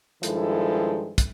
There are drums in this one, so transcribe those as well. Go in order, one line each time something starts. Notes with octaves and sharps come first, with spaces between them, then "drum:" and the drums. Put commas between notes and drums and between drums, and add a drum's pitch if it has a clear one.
G2 D#3 F3 G#3 E4 A4, drum: hi-hat
drum: kick, hi-hat